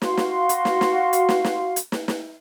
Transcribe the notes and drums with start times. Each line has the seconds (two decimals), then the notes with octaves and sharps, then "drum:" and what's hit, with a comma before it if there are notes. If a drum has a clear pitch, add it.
0.02 F#4 F5 C6, drum: snare
0.17 drum: snare
0.49 drum: hi-hat
0.65 drum: snare
0.81 drum: snare
1.13 drum: hi-hat
1.29 drum: snare
1.44 drum: snare
1.76 drum: hi-hat
1.92 drum: snare
2.08 drum: snare